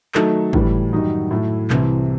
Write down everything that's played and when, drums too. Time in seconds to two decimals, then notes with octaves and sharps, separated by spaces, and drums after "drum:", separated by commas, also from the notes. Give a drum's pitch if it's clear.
0.15 D#3 F#3 A3 D#4 A4, drum: clap
0.53 A2 E3 G3, drum: kick
0.93 F#2 D#3 G3 D#4 F#4
1.31 A2 F#3 A3 E4
1.70 C2 C3 E3, drum: clap